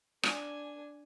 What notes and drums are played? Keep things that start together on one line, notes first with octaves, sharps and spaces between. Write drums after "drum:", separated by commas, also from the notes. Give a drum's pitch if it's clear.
D4 G#5, drum: rim click